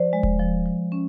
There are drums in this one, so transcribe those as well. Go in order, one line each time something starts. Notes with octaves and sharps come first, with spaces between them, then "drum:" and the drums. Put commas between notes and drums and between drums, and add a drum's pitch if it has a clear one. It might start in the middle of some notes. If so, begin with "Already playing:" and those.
Already playing: F3 C5 D5
G#3
drum: kick D#1
F3
F3
C#4